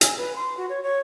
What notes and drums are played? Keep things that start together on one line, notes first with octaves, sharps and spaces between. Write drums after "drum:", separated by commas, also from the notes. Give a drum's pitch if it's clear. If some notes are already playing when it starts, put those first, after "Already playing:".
G#5, drum: hi-hat
B4
C6
F#4
C#5
C#5